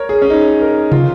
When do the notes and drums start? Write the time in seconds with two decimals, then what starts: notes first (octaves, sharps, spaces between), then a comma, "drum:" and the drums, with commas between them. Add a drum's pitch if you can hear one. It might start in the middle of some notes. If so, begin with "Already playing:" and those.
Already playing: A#4 C#5
0.09 G#4
0.22 C#4
0.30 D#4
0.61 A#4
0.92 F4, drum: tom C3